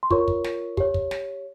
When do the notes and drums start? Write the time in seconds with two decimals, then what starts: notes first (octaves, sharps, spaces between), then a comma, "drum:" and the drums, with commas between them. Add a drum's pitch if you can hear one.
0.03 C6
0.10 F4 A#4 C#5 C#6, drum: kick
0.28 drum: kick
0.44 drum: snare
0.77 G4 C#5, drum: kick
0.94 drum: kick
1.11 drum: snare